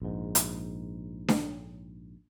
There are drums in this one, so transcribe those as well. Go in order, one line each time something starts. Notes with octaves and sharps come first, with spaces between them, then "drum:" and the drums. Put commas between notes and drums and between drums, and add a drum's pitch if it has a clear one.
A#1 G#2
drum: hi-hat
drum: snare D4